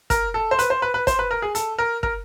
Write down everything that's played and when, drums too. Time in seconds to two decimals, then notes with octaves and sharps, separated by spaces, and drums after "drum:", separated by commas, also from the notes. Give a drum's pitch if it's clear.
0.10 A#4, drum: kick, hi-hat
0.34 A4
0.51 C5
0.59 B4, drum: hi-hat
0.70 C5
0.82 B4
0.94 B4
1.07 C5, drum: kick, hi-hat
1.19 B4
1.31 A#4
1.42 G#4
1.55 A4, drum: hi-hat
1.79 A#4
2.03 A#4, drum: kick